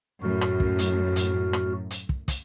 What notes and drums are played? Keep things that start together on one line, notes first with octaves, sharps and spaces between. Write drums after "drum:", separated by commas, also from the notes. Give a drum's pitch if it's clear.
F#2 A2 F#4 F6
drum: rim click
drum: kick
drum: hi-hat
drum: hi-hat
drum: rim click
drum: hi-hat
drum: kick
drum: kick, hi-hat